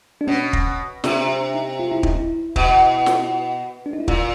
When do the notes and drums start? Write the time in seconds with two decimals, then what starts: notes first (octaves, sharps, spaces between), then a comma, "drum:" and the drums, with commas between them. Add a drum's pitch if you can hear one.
0.21 D4
0.27 B2 C#4
0.53 drum: kick
1.04 C3 D4, drum: snare
1.29 D4
1.54 D#4
1.79 F4
1.91 E4
2.03 D#4, drum: kick
2.16 E4
2.56 B2, drum: kick
3.06 drum: snare
3.86 D4
3.93 D#4
4.00 E4
4.08 A#2 F4, drum: kick